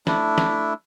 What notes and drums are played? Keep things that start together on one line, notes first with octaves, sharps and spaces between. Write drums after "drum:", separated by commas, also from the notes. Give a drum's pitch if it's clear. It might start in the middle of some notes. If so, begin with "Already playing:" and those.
A3 D4 E4, drum: snare
drum: snare